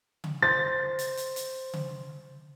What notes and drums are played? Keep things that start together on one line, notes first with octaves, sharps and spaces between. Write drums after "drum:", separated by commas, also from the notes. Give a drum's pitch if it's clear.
drum: tom C#3
C5 A6
drum: hi-hat
drum: hi-hat
drum: hi-hat
drum: tom C#3